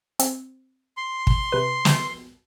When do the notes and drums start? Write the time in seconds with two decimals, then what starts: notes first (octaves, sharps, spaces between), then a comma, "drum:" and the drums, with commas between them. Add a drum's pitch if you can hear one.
0.19 C4, drum: hi-hat
0.97 C6
1.27 drum: kick
1.52 C3 B4
1.85 drum: snare